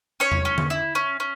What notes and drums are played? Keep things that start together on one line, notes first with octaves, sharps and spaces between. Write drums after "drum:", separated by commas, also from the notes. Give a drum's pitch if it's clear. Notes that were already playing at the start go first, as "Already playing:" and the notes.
C#4 C#5
drum: tom E2
C#4
drum: tom D3
E4
C#4
C#4